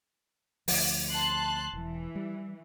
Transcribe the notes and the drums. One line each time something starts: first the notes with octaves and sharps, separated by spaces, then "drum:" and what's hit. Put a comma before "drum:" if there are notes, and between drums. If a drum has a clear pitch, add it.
D2 F3, drum: open hi-hat
A5 C6 F#6
E1 E3
G3